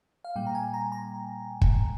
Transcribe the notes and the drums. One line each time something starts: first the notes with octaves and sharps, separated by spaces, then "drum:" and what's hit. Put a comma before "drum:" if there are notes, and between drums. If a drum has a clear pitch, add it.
F5
A#2 G3 A#3 G5
A#5
G#5
A#5
A#5
drum: kick